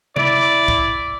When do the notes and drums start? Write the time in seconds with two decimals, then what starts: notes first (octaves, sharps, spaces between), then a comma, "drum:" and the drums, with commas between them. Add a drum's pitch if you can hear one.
0.16 E4 D5, drum: tom C3
0.68 drum: kick